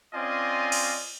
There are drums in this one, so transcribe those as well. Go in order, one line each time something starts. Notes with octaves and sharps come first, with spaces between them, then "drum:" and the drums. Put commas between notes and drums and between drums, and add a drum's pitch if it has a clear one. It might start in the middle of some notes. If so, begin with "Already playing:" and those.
C4 C#4 F4 D5 D#5 G#5
drum: cymbal